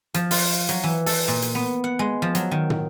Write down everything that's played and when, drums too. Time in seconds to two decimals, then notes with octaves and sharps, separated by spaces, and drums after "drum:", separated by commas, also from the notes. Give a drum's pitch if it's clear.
0.14 F3, drum: hi-hat
0.31 F4, drum: open hi-hat
0.69 F#3, drum: hi-hat
0.84 E3
1.06 A4, drum: open hi-hat
1.28 A#2
1.42 drum: hi-hat
1.55 B3
1.84 F#5
1.99 G#3
2.22 F3
2.35 F#3, drum: hi-hat
2.51 D#3
2.70 drum: tom